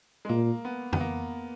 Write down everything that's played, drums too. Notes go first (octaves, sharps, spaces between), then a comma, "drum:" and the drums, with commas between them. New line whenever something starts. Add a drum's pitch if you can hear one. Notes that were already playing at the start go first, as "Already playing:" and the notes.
G#3
A#2 A#3
B3
B3, drum: tom F2
A#3